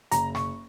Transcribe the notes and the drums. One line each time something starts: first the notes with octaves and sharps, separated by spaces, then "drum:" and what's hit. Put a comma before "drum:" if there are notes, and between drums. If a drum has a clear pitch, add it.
F#1 A#5, drum: hi-hat
C#6, drum: snare